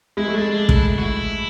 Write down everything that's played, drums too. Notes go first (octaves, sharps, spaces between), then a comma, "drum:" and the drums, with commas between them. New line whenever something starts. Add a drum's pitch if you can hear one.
G#3 E4
A3
G#3 D4
D4
E4, drum: kick
F#4
E4